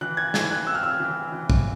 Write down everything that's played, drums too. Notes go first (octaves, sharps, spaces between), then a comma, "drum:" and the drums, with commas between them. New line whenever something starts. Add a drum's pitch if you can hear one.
E3 F#6
G#6
E3 G#6, drum: snare
F#6
C4 E6
F6
E6
E3
E3
drum: kick